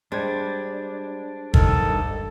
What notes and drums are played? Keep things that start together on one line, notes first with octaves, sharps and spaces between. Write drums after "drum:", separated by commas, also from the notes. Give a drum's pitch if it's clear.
G3 G#3 D4 C5 G#6
G2 D#3 A4, drum: kick G1